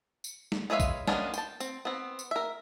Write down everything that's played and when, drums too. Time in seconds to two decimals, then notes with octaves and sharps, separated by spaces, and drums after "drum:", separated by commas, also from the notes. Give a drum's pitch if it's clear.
0.24 drum: tambourine
0.52 drum: snare
0.70 G#3 B4 C#5 E5 F5
0.80 drum: kick A#1, tambourine
1.08 G#3 A#3 B3 C#4 D4, drum: snare
1.34 G5 A5, drum: tambourine
1.60 C4, drum: tambourine
1.85 B3 C4
2.19 drum: tambourine
2.31 A#4 E5